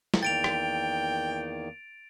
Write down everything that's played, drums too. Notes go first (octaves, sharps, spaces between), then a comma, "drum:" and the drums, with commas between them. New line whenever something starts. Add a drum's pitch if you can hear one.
drum: snare
E2 D#3 A#3 G5 A6 D7 F7
drum: rim click